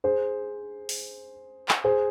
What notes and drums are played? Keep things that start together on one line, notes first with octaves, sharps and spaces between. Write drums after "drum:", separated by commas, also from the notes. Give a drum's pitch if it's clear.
G#4 C5
drum: open hi-hat
drum: clap
G#4 C5